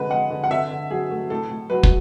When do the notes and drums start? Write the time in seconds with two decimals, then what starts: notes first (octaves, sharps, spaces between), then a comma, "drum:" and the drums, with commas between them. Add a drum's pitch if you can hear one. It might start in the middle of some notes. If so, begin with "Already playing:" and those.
Already playing: D3 G#3 B4
0.10 G#3 F#5
0.30 D3
0.44 F#5
0.51 D3 E5
0.71 D3
0.90 F#3 G#4
1.11 A3
1.30 A2 A4
1.50 A2
1.70 F#3 B4
1.83 drum: kick